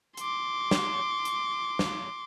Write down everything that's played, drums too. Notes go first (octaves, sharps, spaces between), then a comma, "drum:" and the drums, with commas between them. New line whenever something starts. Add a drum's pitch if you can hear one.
C6 D6, drum: hi-hat
drum: snare
drum: hi-hat
drum: snare